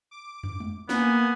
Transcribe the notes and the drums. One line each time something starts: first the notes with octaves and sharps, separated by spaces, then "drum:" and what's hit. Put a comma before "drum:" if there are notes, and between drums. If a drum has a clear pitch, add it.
D6
drum: tom
drum: tom
A#3 B3 G#5, drum: snare